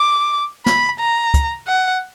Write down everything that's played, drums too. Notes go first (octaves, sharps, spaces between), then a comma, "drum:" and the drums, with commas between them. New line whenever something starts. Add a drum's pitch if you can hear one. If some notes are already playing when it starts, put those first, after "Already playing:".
Already playing: D6
B5, drum: snare
A#5
drum: kick, hi-hat
F#5